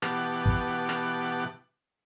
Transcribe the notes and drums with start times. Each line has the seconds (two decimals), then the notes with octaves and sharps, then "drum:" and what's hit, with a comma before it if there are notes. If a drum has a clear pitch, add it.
0.02 B2 E3 G4 F#5 A5 D6, drum: rim click
0.46 drum: kick
0.89 drum: rim click